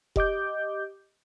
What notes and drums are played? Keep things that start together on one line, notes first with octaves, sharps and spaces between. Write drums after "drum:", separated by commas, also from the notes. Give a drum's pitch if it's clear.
G4 D#5 D6 G6, drum: kick F1